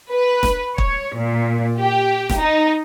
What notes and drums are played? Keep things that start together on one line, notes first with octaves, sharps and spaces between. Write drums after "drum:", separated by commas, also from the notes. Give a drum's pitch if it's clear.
B4
drum: snare E1
C#5, drum: kick
A#2
G4
drum: snare E1
D#4